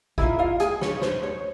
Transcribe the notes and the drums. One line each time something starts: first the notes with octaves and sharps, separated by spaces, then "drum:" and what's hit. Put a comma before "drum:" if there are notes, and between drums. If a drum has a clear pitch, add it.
E4 F4 A#4 E5, drum: kick
F4 F5
G#4 G#5, drum: hi-hat
C#5, drum: snare
C5, drum: snare
C#5